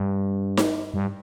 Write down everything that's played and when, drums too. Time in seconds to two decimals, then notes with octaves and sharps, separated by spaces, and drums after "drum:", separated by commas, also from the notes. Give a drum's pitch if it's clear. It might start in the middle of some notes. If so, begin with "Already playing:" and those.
Already playing: G2
0.57 drum: snare D#4
0.94 G2